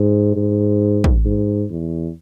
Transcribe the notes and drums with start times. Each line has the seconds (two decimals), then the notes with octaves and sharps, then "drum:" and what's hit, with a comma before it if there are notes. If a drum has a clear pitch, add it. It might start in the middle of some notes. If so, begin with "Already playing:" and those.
Already playing: G#2
0.36 G#2
1.04 drum: kick
1.25 G#2
1.70 E2